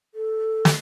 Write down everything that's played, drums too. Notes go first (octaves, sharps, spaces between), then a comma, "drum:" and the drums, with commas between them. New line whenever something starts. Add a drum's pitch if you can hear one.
A4
drum: snare